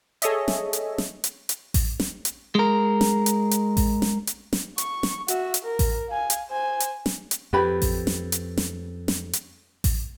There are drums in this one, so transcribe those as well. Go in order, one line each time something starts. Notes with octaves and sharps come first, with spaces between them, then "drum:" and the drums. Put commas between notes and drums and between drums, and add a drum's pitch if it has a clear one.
G#4 A4 C#5 D#5 E5, drum: hi-hat
drum: snare
drum: hi-hat
drum: snare
drum: hi-hat
drum: hi-hat
drum: kick A1, open hi-hat
drum: snare
drum: hi-hat
G#3 A#4
drum: snare
drum: hi-hat
drum: hi-hat
drum: kick A1, open hi-hat
drum: snare
drum: hi-hat
drum: snare
C#6, drum: hi-hat
drum: snare
F#4 E5, drum: hi-hat
drum: hi-hat
A#4
drum: kick A1, open hi-hat
F5 G#5
drum: hi-hat
C5 G#5
drum: hi-hat
drum: snare
drum: hi-hat
F2 G4 B4 B5
drum: kick A1, open hi-hat
drum: snare
drum: hi-hat
drum: snare
drum: snare
drum: hi-hat
drum: kick A1, open hi-hat